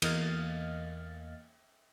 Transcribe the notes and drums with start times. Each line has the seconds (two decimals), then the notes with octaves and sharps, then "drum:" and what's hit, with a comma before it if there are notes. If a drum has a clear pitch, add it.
0.02 E2 A#3 D#5 F5 F6 A6, drum: cymbal